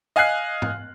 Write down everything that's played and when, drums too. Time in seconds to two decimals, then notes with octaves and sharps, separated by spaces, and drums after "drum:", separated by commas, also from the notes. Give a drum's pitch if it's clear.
0.16 D#5 F5 G#5 F6 F#6 C7
0.62 drum: tom G#2